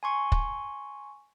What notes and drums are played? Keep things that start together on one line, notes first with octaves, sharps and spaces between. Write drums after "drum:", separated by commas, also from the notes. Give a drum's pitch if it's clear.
G#5 C6 C#6
drum: kick